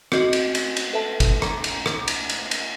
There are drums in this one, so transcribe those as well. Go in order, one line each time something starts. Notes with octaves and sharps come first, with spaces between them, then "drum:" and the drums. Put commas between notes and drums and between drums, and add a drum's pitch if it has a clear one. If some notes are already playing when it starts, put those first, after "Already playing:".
C4 F#4 D#5, drum: rim click
drum: cymbal
drum: cymbal
drum: cymbal
A4 B4 E5 A5
drum: kick G1, cymbal
A#5, drum: rim click
drum: cymbal
drum: rim click
drum: cymbal
drum: cymbal
drum: cymbal